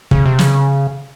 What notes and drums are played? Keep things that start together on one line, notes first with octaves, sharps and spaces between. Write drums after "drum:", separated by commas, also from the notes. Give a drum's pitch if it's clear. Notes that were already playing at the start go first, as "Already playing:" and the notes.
C#3, drum: kick
C3
C#3, drum: snare